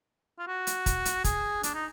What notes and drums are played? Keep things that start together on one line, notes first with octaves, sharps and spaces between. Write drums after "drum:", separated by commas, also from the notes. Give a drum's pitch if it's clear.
F4
F#4
drum: hi-hat
drum: kick, hi-hat
drum: hi-hat
G#4, drum: kick, hi-hat
D4, drum: hi-hat
D#4